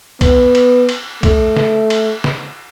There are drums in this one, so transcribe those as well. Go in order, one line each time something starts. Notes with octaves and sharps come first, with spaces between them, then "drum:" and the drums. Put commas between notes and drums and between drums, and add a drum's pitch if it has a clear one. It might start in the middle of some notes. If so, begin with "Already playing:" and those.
B3, drum: kick B1, cymbal
drum: cymbal
drum: cymbal
A3, drum: kick B1, cymbal
drum: snare
drum: cymbal
drum: snare